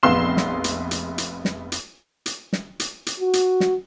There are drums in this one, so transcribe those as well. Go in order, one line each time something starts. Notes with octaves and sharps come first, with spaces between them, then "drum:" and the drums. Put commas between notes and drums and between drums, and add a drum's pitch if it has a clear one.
F1 A#1 B3 F5 C6 E7
drum: snare
drum: hi-hat
drum: hi-hat
drum: hi-hat
drum: snare
drum: hi-hat
drum: hi-hat
drum: snare
drum: hi-hat
drum: hi-hat
F#4
drum: hi-hat
drum: snare